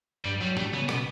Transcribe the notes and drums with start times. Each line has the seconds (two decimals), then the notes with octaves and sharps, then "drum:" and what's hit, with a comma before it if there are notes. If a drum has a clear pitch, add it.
0.25 G2 G3
0.41 F#3 G3
0.57 G3 A3, drum: tom
0.73 C#3 B3
0.89 B2 B3, drum: rim click